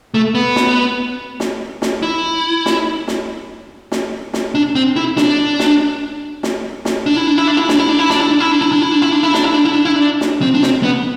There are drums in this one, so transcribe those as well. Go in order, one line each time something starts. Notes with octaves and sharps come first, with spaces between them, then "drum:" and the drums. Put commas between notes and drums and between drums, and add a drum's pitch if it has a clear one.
A3
B3
drum: snare
drum: snare
drum: snare
E4
drum: snare
drum: snare
drum: snare
drum: snare
D4
C4
E4
D4, drum: snare
drum: snare
drum: snare
drum: snare
D4
E4
D4
E4
D4
E4
D4, drum: snare
E4
D4
E4
D4, drum: snare
E4
D4
E4
D4
E4
D4
E4
D4
E4
D4
E4
D4, drum: snare
E4
D4
E4
D4
E4
D4
drum: snare
C4
D4
C4, drum: snare
B3